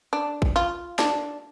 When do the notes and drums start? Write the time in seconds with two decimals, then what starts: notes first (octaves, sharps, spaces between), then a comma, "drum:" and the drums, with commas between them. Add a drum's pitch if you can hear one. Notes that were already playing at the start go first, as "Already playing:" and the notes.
0.13 D4
0.42 drum: kick
0.56 F4
0.99 D4, drum: snare